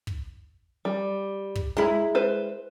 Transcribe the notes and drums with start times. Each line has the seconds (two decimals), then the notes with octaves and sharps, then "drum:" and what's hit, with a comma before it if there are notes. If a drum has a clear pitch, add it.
0.07 drum: kick
0.85 G3
1.55 drum: kick
1.77 G#3 E4 A#5 B5
2.15 B4 C5